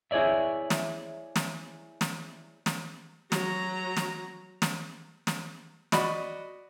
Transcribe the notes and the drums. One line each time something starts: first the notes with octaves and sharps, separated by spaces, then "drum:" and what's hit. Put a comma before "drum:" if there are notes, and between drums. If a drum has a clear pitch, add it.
E4 G#4 C#5 D5 E5
drum: snare
drum: snare
drum: snare
drum: snare
F#3 A#5, drum: snare
drum: snare
drum: snare
drum: snare
F#4 D5 D#5 B5, drum: snare